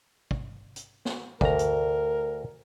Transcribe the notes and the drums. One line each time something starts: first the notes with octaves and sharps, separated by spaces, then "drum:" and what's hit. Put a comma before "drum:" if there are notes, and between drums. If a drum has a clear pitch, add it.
drum: kick
drum: hi-hat
drum: snare
D2 A#4 A#5, drum: kick
drum: hi-hat